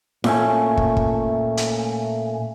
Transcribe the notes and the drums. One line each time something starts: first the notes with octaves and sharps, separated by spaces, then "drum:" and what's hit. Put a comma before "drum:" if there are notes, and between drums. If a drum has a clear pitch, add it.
A#2 A3 C#4, drum: snare E4
drum: kick
drum: kick
drum: hi-hat